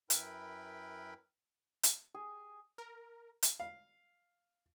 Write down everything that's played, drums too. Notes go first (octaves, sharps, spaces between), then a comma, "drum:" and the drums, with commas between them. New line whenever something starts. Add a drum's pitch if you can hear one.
F#2 E4 A#4 B4 G5 B5, drum: hi-hat
drum: hi-hat
G#4
A#4
drum: hi-hat
F5